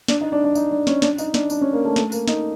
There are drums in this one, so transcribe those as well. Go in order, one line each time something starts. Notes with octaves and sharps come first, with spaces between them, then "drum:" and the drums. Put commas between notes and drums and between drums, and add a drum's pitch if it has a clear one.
D4, drum: snare
D#4
D4
D4
D#4, drum: tambourine
D4
C#4, drum: snare
D4, drum: snare
D#4, drum: tambourine
D4, drum: snare
D4, drum: tambourine
C#4
A#3
A3
A3, drum: snare
A#3, drum: tambourine
D#4, drum: snare